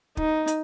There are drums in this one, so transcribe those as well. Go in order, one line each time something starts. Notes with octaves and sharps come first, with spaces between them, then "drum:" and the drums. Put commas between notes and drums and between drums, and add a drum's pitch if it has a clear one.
D#4, drum: kick
drum: hi-hat